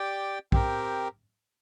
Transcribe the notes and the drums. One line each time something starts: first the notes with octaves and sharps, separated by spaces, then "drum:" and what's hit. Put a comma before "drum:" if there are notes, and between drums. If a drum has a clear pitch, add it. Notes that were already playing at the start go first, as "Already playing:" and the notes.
Already playing: G4 D5 G5
C4 G4 A#4, drum: kick